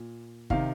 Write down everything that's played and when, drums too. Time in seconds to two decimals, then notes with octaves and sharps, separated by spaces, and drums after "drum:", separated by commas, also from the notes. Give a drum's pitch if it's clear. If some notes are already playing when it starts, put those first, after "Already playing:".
Already playing: A#2
0.50 C3 D#3 F5, drum: kick